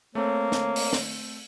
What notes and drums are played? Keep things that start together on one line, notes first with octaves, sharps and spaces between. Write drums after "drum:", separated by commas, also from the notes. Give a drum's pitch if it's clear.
A3 A#3 C4 C#5
drum: snare
drum: open hi-hat
drum: snare